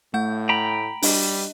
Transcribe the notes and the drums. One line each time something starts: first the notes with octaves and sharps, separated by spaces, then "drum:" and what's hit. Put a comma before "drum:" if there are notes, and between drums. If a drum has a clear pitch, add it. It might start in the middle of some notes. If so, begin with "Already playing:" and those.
A2 A3 F#5 G6
G5 A#5 B5
G3 D4 D#5, drum: open hi-hat